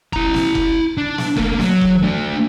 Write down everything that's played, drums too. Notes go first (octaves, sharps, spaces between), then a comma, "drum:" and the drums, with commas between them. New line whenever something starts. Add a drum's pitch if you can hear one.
E4 A#5, drum: kick F1
drum: snare
drum: kick F1
D4
drum: snare
A3 A#3, drum: kick F1
F#3, drum: snare
drum: kick F1
A3 D4